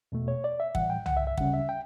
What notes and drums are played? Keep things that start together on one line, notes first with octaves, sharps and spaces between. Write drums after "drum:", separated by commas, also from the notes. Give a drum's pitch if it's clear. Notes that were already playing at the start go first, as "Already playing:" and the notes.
E2 B2 A3
C#5
D5
E5
A2 E3 G3 F#5, drum: kick
G5
F#5, drum: tom
E5
E5
D2 C#3 G3 C#4 F#5, drum: kick
E5
G5